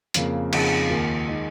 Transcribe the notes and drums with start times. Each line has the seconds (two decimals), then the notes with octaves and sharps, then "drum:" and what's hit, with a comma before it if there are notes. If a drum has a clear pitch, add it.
0.14 F2 C#3 A#3, drum: hi-hat
0.53 F2 C#3 A#3 D#4 G#4, drum: cymbal
0.90 D#2 D#3 A#3 F4
1.28 D#3 G#3 D#4